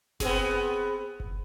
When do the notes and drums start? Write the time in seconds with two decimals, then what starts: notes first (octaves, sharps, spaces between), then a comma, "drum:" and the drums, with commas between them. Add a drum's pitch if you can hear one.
0.20 B3 C4 G#4, drum: snare F#1
1.20 drum: kick F#1